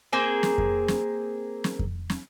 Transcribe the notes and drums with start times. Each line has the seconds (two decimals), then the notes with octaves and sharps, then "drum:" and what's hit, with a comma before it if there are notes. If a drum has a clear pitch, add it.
0.13 A#3 C4 G#4
0.43 drum: snare
0.58 drum: kick F2
0.88 drum: snare
1.64 drum: snare
1.79 drum: kick F2
2.10 drum: snare